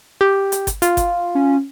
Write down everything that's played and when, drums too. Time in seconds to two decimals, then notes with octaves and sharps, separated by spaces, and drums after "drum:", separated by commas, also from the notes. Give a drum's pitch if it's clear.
0.21 G4
0.52 drum: hi-hat
0.67 drum: kick G1, hi-hat
0.82 F4, drum: hi-hat
0.97 drum: kick G1, hi-hat
1.35 C#4